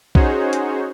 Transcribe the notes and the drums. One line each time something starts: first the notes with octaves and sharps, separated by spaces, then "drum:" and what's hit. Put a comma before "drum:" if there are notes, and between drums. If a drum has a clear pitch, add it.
C#4 D#4 F#4 G#4 C5 C#5, drum: kick B1
drum: hi-hat